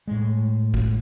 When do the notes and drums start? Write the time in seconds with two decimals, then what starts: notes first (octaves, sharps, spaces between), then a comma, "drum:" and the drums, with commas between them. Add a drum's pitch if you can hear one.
0.08 A2 G#3
0.74 drum: kick